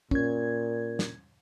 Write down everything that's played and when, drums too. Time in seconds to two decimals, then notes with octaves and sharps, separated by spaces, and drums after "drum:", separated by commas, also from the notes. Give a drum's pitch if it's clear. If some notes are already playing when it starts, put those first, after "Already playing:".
0.11 A#2 C#4 G#6, drum: kick
0.99 drum: snare